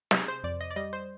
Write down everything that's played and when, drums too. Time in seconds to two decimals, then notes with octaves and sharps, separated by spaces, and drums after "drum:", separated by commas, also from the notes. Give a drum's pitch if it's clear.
0.11 C3 G#4, drum: snare
0.28 C5
0.43 F2 D5
0.61 D#5
0.71 D5
0.76 G3 D#5
0.93 C5